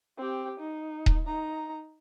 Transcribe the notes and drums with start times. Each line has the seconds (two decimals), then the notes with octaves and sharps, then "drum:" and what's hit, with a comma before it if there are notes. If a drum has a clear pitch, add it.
0.18 C4 G4
0.60 D#4
1.06 drum: kick D#1
1.27 D#4 A#5